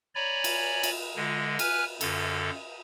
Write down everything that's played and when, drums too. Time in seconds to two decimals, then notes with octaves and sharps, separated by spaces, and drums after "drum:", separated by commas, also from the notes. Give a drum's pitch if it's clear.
0.15 C#5 D5 G#5 A#5 B5
0.44 drum: cymbal
0.83 drum: cymbal
1.16 D3 G#3
1.59 B4 G#5 F6, drum: cymbal
2.01 F#2 D3 A4, drum: cymbal